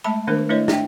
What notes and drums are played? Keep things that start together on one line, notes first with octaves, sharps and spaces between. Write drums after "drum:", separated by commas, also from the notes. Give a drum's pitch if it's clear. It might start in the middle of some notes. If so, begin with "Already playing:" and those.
G#3 A3 E5 A5 B5
D#3 A3 B3 D4 A#4 C5
A3 D4 E4 B4 C#5 D#5
D4 E5 G5, drum: snare